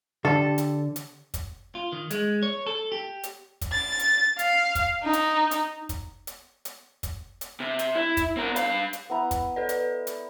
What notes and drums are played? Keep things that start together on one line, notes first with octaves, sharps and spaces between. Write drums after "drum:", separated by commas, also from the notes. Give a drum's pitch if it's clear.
D3 G4 A4
drum: hi-hat
drum: hi-hat
drum: kick, hi-hat
F4
D#3
G#3, drum: hi-hat
C#5
A4
G4
drum: hi-hat
drum: kick, hi-hat
A6
drum: hi-hat
F5, drum: hi-hat
drum: kick, hi-hat
D#4
drum: hi-hat
drum: hi-hat
drum: kick, hi-hat
drum: hi-hat
drum: hi-hat
drum: kick, hi-hat
drum: hi-hat
C3
drum: hi-hat
E4
drum: kick, hi-hat
C4 A#4
G2 F5, drum: hi-hat
drum: hi-hat
B3 E4 A#5
drum: kick, hi-hat
A4 B4 D5
drum: hi-hat
drum: hi-hat